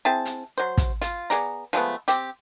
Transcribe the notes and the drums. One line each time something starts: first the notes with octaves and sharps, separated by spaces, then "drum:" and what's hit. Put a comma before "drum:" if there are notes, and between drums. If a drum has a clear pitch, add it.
C4 E4 G#4 A5
drum: hi-hat
F#3 C5
drum: kick, hi-hat
F4, drum: hi-hat
B3 G#4 D5 A#5, drum: hi-hat
F3 G#3 A3 B3
C4 G4, drum: hi-hat